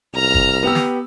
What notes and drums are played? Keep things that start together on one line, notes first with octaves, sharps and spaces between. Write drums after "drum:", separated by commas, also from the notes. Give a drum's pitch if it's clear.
C2 A#5 F6
drum: kick
B3 G4 E6
drum: snare